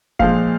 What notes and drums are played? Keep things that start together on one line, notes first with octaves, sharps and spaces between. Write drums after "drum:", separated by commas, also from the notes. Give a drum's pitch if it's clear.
A#2 F3 G#3 F5, drum: kick F1